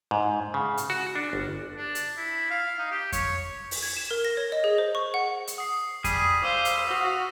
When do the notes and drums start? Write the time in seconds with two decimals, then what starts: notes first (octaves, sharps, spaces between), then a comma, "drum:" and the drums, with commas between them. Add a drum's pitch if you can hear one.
0.11 G#2
0.54 C#3
0.77 drum: hi-hat
0.90 F#4
1.15 D4
1.33 G1
1.76 D4
1.95 drum: hi-hat
2.17 E4
2.51 F5
2.79 D#4
2.91 G4
3.12 C#5, drum: kick F2, hi-hat
3.71 drum: open hi-hat
3.83 G#6
3.97 E7
4.11 A#4
4.25 A#6
4.37 C#5
4.52 D#5
4.64 G#4
4.78 C5
4.95 C#6
5.14 F#5
5.47 drum: hi-hat
5.58 D#6 C7
6.04 G3 G#4 B6 D#7, drum: kick F2, hi-hat
6.43 C5 F5 D6 E6 D#7
6.65 drum: hi-hat
6.88 F#4 D#6 F6